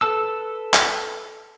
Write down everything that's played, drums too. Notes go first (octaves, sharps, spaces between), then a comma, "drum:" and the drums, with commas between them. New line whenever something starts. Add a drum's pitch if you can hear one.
A4 B4 A5 E6
drum: clap